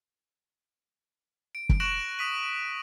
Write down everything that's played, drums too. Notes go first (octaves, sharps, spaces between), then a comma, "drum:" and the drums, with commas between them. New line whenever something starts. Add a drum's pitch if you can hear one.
D7
drum: kick
C#6 F#6 A#6 D7 E7 F#7
D#6 B6 D#7